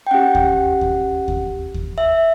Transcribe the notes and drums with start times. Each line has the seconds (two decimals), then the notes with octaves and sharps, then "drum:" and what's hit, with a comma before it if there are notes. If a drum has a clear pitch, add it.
0.07 G5
0.11 C#4 G4 F#5
0.35 drum: kick D#2
0.81 drum: kick D#2
1.28 drum: kick D#2
1.74 drum: kick D#2
1.98 E5